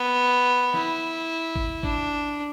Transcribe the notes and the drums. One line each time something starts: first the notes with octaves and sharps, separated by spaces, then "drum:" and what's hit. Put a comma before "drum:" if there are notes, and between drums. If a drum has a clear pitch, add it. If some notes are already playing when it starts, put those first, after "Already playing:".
Already playing: B3
E4, drum: snare
drum: kick G#1
D4, drum: kick G#1